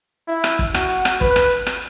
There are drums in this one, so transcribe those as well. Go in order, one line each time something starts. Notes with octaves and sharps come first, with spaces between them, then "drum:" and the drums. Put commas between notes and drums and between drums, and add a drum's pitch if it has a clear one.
E4
drum: rim click
drum: kick
F#4, drum: rim click
drum: rim click
B4, drum: kick
drum: rim click
drum: rim click